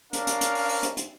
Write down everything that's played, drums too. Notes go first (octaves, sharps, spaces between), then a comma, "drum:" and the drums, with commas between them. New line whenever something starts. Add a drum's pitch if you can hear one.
C#4 D4 A#4 F5, drum: hi-hat
drum: hi-hat
drum: hi-hat
drum: open hi-hat
drum: open hi-hat
drum: hi-hat
drum: hi-hat